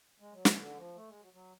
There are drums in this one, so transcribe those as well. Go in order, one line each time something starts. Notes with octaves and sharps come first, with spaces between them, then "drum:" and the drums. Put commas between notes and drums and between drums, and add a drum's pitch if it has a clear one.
G#3
F#3
D3, drum: snare
D3
F3
A3
G#3
F#3
F#3